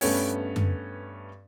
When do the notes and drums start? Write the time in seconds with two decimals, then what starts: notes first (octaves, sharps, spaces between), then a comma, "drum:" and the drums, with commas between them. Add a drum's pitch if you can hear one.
0.01 G2 A3 B3 C#4, drum: open hi-hat
0.56 drum: tom F#2